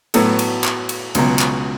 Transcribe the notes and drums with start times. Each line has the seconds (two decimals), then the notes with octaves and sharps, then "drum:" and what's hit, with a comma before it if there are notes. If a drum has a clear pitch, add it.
0.14 A2 F#3 B3 F#4 A4, drum: cymbal
0.39 drum: cymbal
0.64 drum: clap
0.89 drum: cymbal
1.15 C#2 B2 F#3, drum: cymbal
1.39 drum: clap